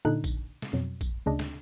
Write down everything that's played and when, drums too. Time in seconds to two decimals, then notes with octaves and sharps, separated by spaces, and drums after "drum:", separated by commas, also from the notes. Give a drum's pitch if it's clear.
0.05 A#2 D3 D4 D#4 F#6
0.24 drum: kick A#1, tambourine
0.62 drum: snare
0.73 F2 B2 F#3
1.01 drum: kick A#1, tambourine
1.26 D2 C#3 D4 D#5
1.39 drum: snare